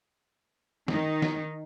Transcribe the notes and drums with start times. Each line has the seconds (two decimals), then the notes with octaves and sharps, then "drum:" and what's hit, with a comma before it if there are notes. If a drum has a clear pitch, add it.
0.88 D#3 D#4, drum: snare
1.22 drum: snare